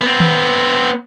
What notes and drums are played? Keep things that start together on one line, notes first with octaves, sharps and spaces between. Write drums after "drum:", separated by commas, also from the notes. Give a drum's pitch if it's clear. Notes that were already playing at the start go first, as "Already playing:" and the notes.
B3 C4
drum: tom D#3